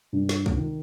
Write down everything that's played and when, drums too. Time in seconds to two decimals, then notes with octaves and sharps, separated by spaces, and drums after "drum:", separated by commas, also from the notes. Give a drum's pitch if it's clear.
0.13 G2
0.29 drum: snare
0.46 drum: kick
0.56 D#3